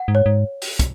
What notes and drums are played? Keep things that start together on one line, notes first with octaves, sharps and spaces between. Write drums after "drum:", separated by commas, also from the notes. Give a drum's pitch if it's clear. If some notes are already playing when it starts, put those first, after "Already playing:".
Already playing: F#5
G#2
C#5
G#2
drum: open hi-hat
drum: kick, hi-hat